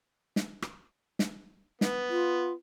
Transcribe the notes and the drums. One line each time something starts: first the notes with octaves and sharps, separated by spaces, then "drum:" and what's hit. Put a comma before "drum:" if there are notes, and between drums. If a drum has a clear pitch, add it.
drum: snare
drum: rim click
drum: snare
B3, drum: snare
F4